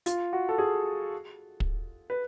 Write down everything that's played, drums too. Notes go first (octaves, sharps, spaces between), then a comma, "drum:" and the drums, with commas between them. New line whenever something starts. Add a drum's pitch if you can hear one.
F4, drum: hi-hat
F#4
A4
G#4
drum: kick
B4